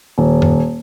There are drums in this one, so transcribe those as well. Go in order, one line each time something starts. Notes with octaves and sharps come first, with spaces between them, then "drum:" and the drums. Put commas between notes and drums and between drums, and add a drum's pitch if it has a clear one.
D#1
drum: tom F2